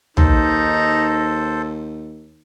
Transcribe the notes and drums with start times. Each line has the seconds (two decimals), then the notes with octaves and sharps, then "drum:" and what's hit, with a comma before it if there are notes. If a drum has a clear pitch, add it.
0.17 D#2 D#4 A4 C5, drum: tom